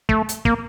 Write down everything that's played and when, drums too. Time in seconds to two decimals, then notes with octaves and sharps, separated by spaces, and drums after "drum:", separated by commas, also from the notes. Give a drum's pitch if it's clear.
0.09 A3, drum: kick
0.29 drum: hi-hat
0.45 A#3, drum: kick